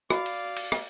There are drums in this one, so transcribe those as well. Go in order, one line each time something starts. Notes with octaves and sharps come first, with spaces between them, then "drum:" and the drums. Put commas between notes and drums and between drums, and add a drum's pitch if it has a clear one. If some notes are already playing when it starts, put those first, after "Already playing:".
F#4 D5 F5, drum: rim click
drum: cymbal
drum: cymbal
drum: rim click